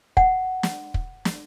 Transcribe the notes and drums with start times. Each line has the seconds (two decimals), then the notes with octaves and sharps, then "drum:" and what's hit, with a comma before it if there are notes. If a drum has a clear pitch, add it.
0.17 F#5, drum: kick
0.63 drum: snare
0.94 drum: kick
1.25 drum: snare